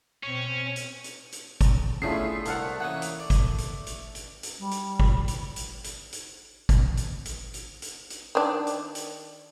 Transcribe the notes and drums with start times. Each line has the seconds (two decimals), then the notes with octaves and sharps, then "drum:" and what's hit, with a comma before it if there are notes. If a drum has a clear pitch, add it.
0.24 B2 C4 C#4
0.76 drum: hi-hat
1.04 drum: hi-hat
1.32 drum: hi-hat
1.61 drum: kick G1, hi-hat
2.02 D3 A3 B3 C#4 E4 F4 G#4 C7
2.45 C2 C3 A4 F5 F#5, drum: hi-hat
2.80 E3 A#3 C#4 F#5 D#6
3.02 drum: hi-hat
3.20 D5
3.30 drum: kick G1, hi-hat
3.58 drum: hi-hat
3.87 drum: hi-hat
4.15 drum: hi-hat
4.43 drum: hi-hat
4.58 G3
4.71 drum: hi-hat
5.00 drum: kick G1
5.28 drum: hi-hat
5.56 drum: hi-hat
5.84 drum: hi-hat
6.13 drum: hi-hat
6.69 drum: kick G1, hi-hat
6.97 drum: hi-hat
7.26 drum: hi-hat
7.54 drum: hi-hat
7.82 drum: hi-hat
8.10 drum: hi-hat
8.35 D#3 D4
8.67 drum: hi-hat
8.95 drum: hi-hat